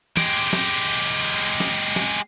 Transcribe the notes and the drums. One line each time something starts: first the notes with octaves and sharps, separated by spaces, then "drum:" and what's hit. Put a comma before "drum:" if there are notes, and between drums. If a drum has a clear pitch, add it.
G#3 G4, drum: tom
drum: snare
drum: open hi-hat
drum: hi-hat
drum: snare
drum: snare